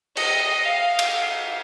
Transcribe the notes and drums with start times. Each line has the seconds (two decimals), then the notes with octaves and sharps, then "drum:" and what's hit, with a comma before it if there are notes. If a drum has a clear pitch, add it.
0.17 D#5, drum: cymbal
0.66 F5
0.99 drum: cymbal